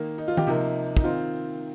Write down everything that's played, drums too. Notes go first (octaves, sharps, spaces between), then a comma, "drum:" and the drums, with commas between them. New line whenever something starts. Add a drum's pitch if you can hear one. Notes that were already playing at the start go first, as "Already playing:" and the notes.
Already playing: D#3 A#3
D#4
F4
G4, drum: tom
C3 F3 A#3 D#4
D#4, drum: kick
D#3 C4 F4